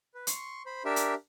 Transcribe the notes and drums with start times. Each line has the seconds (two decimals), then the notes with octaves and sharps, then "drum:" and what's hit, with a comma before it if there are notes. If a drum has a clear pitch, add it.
0.14 B4
0.27 C6 C#6, drum: hi-hat
0.66 C5 B5
0.85 D4 G4 A#4 E5
0.96 drum: hi-hat